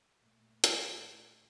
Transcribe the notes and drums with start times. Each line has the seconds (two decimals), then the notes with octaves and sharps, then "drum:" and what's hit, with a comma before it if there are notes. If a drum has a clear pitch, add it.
0.18 A#2 A3
0.64 drum: hi-hat